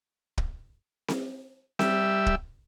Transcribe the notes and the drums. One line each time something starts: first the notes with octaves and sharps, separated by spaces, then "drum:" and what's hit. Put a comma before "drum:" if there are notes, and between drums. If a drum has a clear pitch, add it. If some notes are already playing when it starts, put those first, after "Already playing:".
drum: kick
drum: snare C4
G3 E5, drum: snare C4
drum: kick